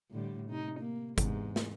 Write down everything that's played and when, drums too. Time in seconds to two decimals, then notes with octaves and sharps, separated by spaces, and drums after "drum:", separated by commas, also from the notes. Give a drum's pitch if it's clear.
0.11 A2 D3 G3
0.50 C3 D#4
0.80 A#3
1.18 E2 G#2 C3, drum: kick G1, hi-hat
1.56 drum: snare